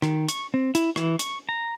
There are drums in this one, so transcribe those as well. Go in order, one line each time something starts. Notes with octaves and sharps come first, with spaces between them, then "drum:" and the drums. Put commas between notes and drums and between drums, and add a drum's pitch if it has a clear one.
D#3, drum: rim click
C#6, drum: hi-hat
C4
E4, drum: hi-hat
E3, drum: rim click
C#6, drum: hi-hat
A#5